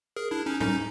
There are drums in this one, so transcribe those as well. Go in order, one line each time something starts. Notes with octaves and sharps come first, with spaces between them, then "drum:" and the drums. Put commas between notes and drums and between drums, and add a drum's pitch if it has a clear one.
G#4 A#4
D4 E4
C#4 D#4
C#4 D#4, drum: tom A2